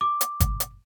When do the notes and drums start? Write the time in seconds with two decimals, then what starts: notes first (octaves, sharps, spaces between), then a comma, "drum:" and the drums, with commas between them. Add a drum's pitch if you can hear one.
0.01 D6
0.21 drum: hi-hat
0.40 drum: kick G1, hi-hat
0.60 drum: hi-hat